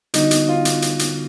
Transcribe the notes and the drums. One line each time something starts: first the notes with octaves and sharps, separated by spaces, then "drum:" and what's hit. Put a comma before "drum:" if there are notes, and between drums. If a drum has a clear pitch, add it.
D3 G3 B3 D4 D#4 F#4, drum: hi-hat
drum: hi-hat
F4
drum: hi-hat
drum: hi-hat
drum: hi-hat